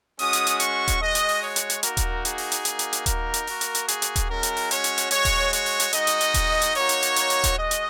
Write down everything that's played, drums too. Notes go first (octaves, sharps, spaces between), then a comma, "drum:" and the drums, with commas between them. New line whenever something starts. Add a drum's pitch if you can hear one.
G#3 C#4 F#4 D#6, drum: open hi-hat
drum: hi-hat
drum: hi-hat
C#6, drum: hi-hat
drum: kick D#1, hi-hat
G#3 F#4 D#5
drum: hi-hat
drum: open hi-hat
C#5
drum: hi-hat
drum: hi-hat
A#3 D#4 F#4 A#4, drum: hi-hat
drum: kick D#1, hi-hat
G#4, drum: hi-hat
drum: open hi-hat
drum: hi-hat
A#3 D#4 F#4, drum: hi-hat
drum: hi-hat
drum: hi-hat
A#4, drum: kick D#1, hi-hat
drum: hi-hat
A#3 F#4, drum: open hi-hat
drum: hi-hat
drum: hi-hat
G#4, drum: hi-hat
drum: hi-hat
drum: kick D#1, hi-hat
G#3 C#4 F#4 A#4
drum: hi-hat
drum: open hi-hat
C#5, drum: hi-hat
drum: hi-hat
drum: hi-hat
G#3 F#4 C#5, drum: hi-hat
drum: kick D#1, hi-hat
C#5, drum: hi-hat
drum: open hi-hat
drum: hi-hat
G#3 D#4 F#4 D#5, drum: hi-hat
drum: hi-hat
drum: hi-hat
drum: kick D#1, hi-hat
drum: hi-hat
A#3 D#4 F#4 C#5, drum: open hi-hat
drum: hi-hat
drum: hi-hat
drum: hi-hat
drum: hi-hat
drum: kick D#1, hi-hat
G#3 F#4 D#5
drum: hi-hat